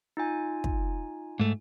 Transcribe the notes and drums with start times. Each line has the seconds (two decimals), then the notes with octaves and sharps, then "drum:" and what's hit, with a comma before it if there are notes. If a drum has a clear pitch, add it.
0.17 D#4 F4 G#5
0.64 drum: kick
1.40 G#2 A3